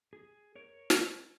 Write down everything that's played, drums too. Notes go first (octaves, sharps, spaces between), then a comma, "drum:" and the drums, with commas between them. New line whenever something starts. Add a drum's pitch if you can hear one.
G#4
A#4 C#5
drum: snare